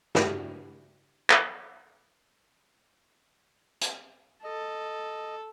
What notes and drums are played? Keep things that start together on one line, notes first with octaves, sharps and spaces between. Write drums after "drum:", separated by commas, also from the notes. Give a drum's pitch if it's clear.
G2 C#3 D4 E4 F#4 G4, drum: snare
drum: clap
drum: hi-hat
A4 D#5